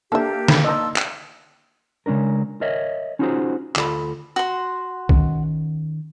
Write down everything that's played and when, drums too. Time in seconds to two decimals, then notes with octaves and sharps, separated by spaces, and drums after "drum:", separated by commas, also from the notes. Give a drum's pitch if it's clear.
0.12 A#3 D4 G4 A4 E5
0.48 G3 B5, drum: snare
0.64 D#4 D#5 A5 C6 E6
0.96 drum: clap
2.06 C#3 G#3 C#4 D4 A#4
2.61 A#4 C#5 D#5 E5
3.19 C#4 D#4 F4 F#4 G#4 C5
3.76 D2 F4 A4 B5, drum: clap
4.36 F#4 C6
5.09 D#3 C#4, drum: kick